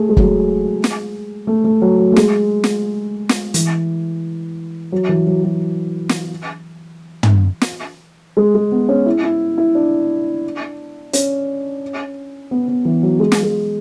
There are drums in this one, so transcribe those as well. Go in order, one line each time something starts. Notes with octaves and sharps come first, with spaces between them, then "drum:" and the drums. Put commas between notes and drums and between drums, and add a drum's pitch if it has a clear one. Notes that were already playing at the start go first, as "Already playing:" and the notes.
Already playing: A3 G#4
G#3
F#3, drum: kick
G#3
drum: snare
A3
A3
F#3
F#3
A3
G#3, drum: snare
drum: snare
drum: snare
E3, drum: hi-hat
F#3
E3
F#3
F#3
drum: snare
drum: tom
drum: snare
G#3
G#3
B3
C#4
E4
E4
E4
D4
C#4, drum: hi-hat
B3
B3
E3
F#3
G#3
drum: snare
G#3